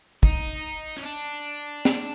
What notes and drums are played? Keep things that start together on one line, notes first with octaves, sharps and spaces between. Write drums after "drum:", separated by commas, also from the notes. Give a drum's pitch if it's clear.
D#4, drum: kick
C#4
D4
drum: snare